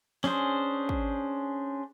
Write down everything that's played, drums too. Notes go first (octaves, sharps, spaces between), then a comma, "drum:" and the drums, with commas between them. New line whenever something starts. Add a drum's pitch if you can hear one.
C#4 D4 G#4 C5, drum: snare
drum: kick